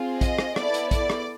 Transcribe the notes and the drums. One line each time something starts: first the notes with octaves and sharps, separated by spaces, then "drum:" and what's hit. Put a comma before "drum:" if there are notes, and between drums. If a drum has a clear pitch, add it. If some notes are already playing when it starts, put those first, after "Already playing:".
Already playing: C4 F4 G#4
D#5, drum: kick A#1, hi-hat
drum: rim click
B3 E4 A4 D5, drum: rim click
drum: hi-hat
D5, drum: kick A#1, hi-hat
drum: rim click